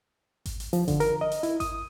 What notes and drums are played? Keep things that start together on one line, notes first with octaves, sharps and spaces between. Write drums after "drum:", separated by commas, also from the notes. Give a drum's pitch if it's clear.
drum: kick G#1, hi-hat
drum: hi-hat
F3, drum: open hi-hat
D3, drum: kick G#1, hi-hat
A#4, drum: hi-hat
D#5
drum: hi-hat
E4, drum: hi-hat
D#6, drum: kick G#1, hi-hat